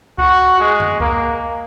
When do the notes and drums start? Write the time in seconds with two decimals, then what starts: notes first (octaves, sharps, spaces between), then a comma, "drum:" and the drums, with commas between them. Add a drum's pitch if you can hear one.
0.18 F#4, drum: kick C#2
0.60 G#3
0.80 drum: tom F2
1.00 A#3, drum: kick C#2